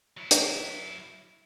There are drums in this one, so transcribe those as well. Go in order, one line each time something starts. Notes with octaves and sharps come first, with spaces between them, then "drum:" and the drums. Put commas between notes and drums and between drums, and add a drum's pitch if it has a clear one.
F#3 E4
drum: hi-hat